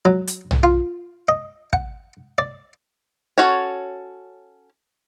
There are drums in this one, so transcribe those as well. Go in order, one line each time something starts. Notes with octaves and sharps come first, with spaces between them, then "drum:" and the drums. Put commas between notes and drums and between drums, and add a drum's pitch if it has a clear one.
F#3
drum: hi-hat
drum: tom B1
F4
D#5
F#5, drum: kick
D5
C#4 F#4 A4 C#5